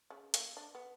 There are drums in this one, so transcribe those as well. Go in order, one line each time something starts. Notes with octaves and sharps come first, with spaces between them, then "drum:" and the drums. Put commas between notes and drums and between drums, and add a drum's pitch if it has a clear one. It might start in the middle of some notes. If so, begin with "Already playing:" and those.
C#3
A#3, drum: hi-hat
D4
B3